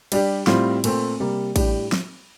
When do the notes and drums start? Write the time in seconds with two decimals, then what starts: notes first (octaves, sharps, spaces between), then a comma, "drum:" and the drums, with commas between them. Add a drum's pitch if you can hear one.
0.12 G3 D4 G4, drum: cymbal
0.47 A2 G3 C4 F4, drum: snare
0.84 A#2 A3 C4, drum: cymbal
1.20 C3 G3 A#3
1.56 A2 G3 D4 G4, drum: kick A1, cymbal
1.92 drum: snare